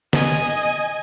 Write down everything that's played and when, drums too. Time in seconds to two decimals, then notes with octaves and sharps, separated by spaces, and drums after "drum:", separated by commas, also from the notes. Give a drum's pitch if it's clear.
0.13 D#5 G#5, drum: snare